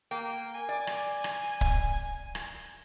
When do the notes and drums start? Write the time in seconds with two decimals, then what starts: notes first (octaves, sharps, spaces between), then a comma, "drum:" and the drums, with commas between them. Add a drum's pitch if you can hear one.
0.11 A#3 G5
0.55 G#5
0.69 D5
0.87 drum: rim click
1.24 drum: rim click
1.61 drum: kick C#1
2.35 drum: rim click